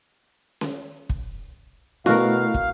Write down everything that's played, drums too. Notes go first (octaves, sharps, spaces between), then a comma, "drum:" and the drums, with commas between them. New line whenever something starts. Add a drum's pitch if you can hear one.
drum: snare C#4
drum: kick
B2 A3 E4 F#4 A#4 F5, drum: snare C#4
drum: kick